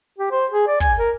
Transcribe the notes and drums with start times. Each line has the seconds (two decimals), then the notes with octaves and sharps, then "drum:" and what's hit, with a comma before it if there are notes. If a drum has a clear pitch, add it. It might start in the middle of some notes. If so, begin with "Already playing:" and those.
0.18 G4
0.32 C5
0.51 G#4
0.67 D5
0.80 G#5, drum: kick
0.98 A#4